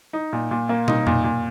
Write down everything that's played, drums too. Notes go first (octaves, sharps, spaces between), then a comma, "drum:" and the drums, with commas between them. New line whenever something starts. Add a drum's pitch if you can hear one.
D#4
A#2
A#2
A#3
D#4, drum: tom
A#2, drum: tom F2
A#2